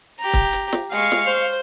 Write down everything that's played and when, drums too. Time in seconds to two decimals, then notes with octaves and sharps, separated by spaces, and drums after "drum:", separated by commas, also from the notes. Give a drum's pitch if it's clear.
0.20 G4 A#5
0.33 drum: kick, hi-hat
0.53 drum: hi-hat
0.73 drum: snare
0.92 G#3 F5 C#6, drum: open hi-hat
1.12 drum: snare
1.25 C5